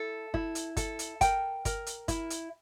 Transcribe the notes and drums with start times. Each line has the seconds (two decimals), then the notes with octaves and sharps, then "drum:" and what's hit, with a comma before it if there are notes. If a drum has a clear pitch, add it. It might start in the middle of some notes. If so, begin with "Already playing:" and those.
Already playing: E4 A4
0.34 E4, drum: kick G1
0.55 drum: hi-hat
0.77 A4, drum: kick G1, hi-hat
0.99 drum: hi-hat
1.21 A#4 G5, drum: kick G1, hi-hat
1.65 A#4, drum: kick G1, hi-hat
1.87 drum: hi-hat
2.08 E4, drum: kick G1, hi-hat
2.30 drum: hi-hat